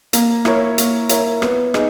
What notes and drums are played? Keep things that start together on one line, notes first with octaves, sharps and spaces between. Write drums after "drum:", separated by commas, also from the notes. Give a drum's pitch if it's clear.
A#3, drum: hi-hat
E4 A#4 C#5, drum: rim click
A#3, drum: hi-hat
E4 A#4 C#5, drum: hi-hat
B3, drum: rim click
D#4 G#4, drum: rim click